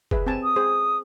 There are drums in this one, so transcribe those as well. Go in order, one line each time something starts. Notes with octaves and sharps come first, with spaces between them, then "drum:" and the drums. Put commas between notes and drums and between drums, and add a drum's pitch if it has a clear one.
G#4 B4 E5, drum: kick F#1
C4 G#5 A5
D#6
G#4 C5